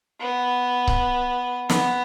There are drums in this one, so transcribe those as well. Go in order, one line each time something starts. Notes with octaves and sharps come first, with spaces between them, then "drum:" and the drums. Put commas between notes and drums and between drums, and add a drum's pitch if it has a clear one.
B3
drum: kick C#1
B3, drum: snare